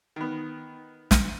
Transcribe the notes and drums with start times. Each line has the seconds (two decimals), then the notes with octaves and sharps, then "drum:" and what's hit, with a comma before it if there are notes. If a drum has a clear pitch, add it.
0.16 D#3 B3
1.11 drum: snare